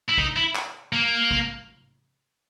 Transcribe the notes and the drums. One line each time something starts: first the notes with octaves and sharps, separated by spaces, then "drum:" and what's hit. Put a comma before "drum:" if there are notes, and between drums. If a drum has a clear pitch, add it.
E4
D#4, drum: kick
E4
drum: clap
A#3
drum: kick